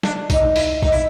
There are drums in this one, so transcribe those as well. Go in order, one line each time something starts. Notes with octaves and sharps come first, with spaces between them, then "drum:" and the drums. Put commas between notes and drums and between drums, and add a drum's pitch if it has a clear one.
D4, drum: snare
D#4, drum: kick B1, hi-hat
E4, drum: open hi-hat
D#4, drum: kick B1
E4